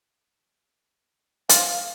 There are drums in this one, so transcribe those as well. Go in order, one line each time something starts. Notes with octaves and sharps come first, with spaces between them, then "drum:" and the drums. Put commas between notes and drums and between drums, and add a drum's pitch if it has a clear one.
F4 F5, drum: hi-hat